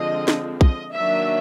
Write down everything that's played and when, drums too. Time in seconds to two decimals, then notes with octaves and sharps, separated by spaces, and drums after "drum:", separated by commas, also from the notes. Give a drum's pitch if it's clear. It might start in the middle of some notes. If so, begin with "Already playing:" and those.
Already playing: D3 F3 G#3 C4 D#5
0.28 drum: snare
0.61 D#5, drum: kick
0.95 D#3 F#3 A#3 D4 E5